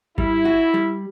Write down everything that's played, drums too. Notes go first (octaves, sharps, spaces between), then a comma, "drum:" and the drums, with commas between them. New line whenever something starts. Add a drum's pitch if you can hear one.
G3 E4, drum: kick G#1
F#4
G3